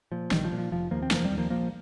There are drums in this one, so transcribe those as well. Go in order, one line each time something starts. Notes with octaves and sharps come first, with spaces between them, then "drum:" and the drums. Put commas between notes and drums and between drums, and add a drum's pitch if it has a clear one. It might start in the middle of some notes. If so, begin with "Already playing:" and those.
A#2 F3
A#1 D#3 G3, drum: snare
F3
A#2
F3
F1 F3
D#2 F3 A#3
C4
F1 F3 A#3, drum: snare
G3 C4
D#2
F3 A#3
A#1 F3 A#3